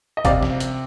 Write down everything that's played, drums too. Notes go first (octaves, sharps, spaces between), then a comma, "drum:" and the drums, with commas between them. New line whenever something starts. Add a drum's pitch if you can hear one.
D#5
C3 D5 F5, drum: kick G1, hi-hat
drum: snare
drum: hi-hat